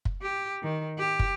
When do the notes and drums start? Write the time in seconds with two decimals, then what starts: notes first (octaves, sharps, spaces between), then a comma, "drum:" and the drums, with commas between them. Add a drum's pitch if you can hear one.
0.05 drum: kick
0.22 G4
0.62 D#3
0.99 G4
1.19 drum: kick